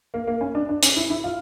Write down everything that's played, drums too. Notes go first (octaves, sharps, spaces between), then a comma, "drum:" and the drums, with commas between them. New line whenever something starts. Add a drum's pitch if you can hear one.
A#3
A#3
C#4
D4
D4
C#4, drum: hi-hat
E4
E4
F4